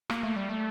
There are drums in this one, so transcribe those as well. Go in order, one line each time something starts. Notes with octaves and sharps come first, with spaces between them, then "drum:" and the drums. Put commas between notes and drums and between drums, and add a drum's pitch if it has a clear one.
A#3, drum: rim click
A3
G3
A3